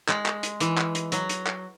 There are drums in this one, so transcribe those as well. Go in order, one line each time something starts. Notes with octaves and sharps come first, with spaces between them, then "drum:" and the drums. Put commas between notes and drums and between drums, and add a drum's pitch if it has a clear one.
G#3, drum: clap
drum: clap
drum: hi-hat
E3, drum: hi-hat
drum: clap
drum: hi-hat
F#3, drum: hi-hat
drum: hi-hat
drum: clap